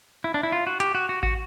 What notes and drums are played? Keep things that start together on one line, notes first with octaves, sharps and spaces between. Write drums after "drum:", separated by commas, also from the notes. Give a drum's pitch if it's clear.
E4
D4
E4
F4
F#4
G4, drum: hi-hat
F#4
F#4
F#4, drum: kick G#1